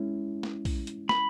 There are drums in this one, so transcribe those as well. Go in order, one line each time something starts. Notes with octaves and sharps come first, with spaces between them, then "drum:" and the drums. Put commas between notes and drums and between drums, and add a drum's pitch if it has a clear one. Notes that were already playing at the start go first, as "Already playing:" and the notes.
Already playing: G#3 C#4 E4
drum: snare
drum: kick, open hi-hat
drum: hi-hat
B5, drum: snare